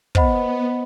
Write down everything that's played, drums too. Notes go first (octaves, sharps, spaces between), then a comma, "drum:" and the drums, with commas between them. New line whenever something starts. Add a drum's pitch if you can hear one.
B3 C5 D#5 F#5 B5, drum: kick